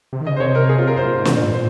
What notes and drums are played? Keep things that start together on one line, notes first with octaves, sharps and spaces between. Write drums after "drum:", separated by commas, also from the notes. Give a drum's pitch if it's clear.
C3
D#3
C#3 D#5
C5
C3 C#5
A#4
G#4
F4
A#4
F#2 C5
A#2
G#2
C3, drum: snare
A#2
G#2
A#2 C5